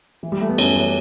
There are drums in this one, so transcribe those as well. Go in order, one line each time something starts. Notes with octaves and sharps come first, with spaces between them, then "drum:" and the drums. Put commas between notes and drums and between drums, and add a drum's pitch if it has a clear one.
E3
G3
E3 A3
B3
F#2 C#4, drum: cymbal
E3 C#4